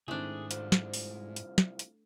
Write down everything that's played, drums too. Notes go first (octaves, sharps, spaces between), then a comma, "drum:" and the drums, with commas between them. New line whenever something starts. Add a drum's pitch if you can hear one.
C#2 G#2 D#3 A3 C4 D4 E4 G#4
C2 F3, drum: hi-hat
drum: snare
drum: open hi-hat
drum: hi-hat
drum: snare
drum: hi-hat